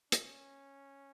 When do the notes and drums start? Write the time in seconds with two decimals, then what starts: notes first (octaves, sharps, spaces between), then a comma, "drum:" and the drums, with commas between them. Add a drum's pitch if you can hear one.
0.12 C#4, drum: hi-hat